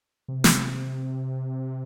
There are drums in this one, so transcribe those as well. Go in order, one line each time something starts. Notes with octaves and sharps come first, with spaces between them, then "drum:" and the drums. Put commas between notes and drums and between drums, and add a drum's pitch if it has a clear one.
C3
drum: snare